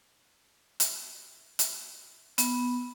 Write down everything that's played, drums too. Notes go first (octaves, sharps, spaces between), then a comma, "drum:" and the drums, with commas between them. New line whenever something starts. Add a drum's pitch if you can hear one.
drum: hi-hat
drum: hi-hat
B3, drum: hi-hat